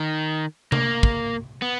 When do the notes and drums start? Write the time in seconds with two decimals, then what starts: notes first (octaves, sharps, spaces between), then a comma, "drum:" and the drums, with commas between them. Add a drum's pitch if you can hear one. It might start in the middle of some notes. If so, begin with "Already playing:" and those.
Already playing: D#3
0.72 A#3, drum: tom C3
1.03 drum: kick
1.62 B3